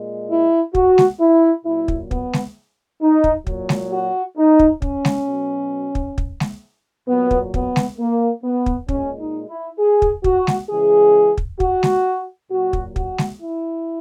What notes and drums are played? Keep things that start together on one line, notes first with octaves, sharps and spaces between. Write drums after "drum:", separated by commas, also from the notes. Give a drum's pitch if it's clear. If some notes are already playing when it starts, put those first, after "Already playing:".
Already playing: A#2 G#3
E4
F#4, drum: kick
drum: snare G#3
E4
A#2 F#3 E4
drum: kick
B3, drum: kick
drum: snare G#3
D#4
drum: kick
A#2 F#3, drum: kick
drum: snare G#3
F#4
D#4
drum: kick
C#4, drum: kick
drum: snare G#3
B2 F#3
drum: kick
drum: kick
drum: snare G#3
A#2 F#3 B3
drum: kick
B3, drum: kick
drum: snare G#3
A#3
B3
drum: kick
A#2 G#3 C#4, drum: kick
D#4
E4
G#4
drum: kick
F#4, drum: kick
drum: snare G#3
C#3 E3 G#3 G#4
drum: kick
F#4, drum: kick
drum: snare G#3
A#2 F#3 F#4
drum: kick
F#4, drum: kick
drum: snare G#3
E4